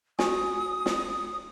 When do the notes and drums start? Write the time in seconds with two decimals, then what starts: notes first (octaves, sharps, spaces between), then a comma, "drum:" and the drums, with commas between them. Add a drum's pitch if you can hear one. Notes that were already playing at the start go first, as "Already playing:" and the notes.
0.19 F#4 G#5 D#6, drum: snare
0.86 drum: snare